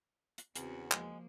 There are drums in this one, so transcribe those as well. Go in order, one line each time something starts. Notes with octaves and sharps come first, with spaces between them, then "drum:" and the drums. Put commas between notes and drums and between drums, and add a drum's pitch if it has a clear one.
drum: hi-hat
E2 C#3 C4 C#4 F#4, drum: hi-hat
F3 G#3 A#3, drum: clap